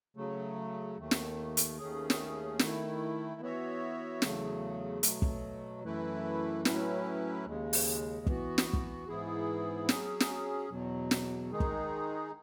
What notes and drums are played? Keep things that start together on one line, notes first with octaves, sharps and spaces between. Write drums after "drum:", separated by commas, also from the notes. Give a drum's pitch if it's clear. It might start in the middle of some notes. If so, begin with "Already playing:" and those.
C#3 F#3 A3
D#2 D#3 A3
drum: snare
drum: hi-hat
D#2 D#3 A3 C#4 G#4
drum: snare
D#3 A3 E4, drum: snare
E3 B3 F#4 C#5 E5
E2 C#3 F#3 A3, drum: snare
B2 F#3 A3, drum: hi-hat
drum: kick
F#2 E3 A3 E4 B4
A2 F#3 C#4 E4 B4, drum: snare
D#2 C#3 G#3
drum: open hi-hat
E3 B3 F#4, drum: kick
drum: snare
drum: kick
G#2 E3 B3 E4 G#4
F#3 C#4 G#4, drum: snare
drum: snare
E2 B2 F#3
drum: snare
D#3 G#3 D#4 G#4
drum: kick